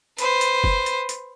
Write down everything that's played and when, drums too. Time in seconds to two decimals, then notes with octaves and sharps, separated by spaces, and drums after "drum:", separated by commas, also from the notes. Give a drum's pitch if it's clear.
0.18 B4 C5, drum: hi-hat
0.41 drum: hi-hat
0.64 drum: kick
0.86 drum: hi-hat
1.09 drum: hi-hat